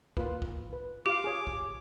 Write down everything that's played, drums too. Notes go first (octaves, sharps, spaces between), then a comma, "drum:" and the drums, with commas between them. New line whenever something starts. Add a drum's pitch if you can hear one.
A#3 F4 B4, drum: kick
drum: kick
B4
F4 G4 F5 D6
G#4 C#5
drum: kick